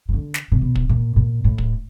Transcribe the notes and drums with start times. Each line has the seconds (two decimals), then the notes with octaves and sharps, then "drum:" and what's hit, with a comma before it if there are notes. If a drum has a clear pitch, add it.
0.09 D#3
0.13 D3
0.34 drum: snare
0.52 C3
0.61 B2
0.75 drum: kick
0.89 A#2
1.16 A#2
1.44 A2
1.58 drum: kick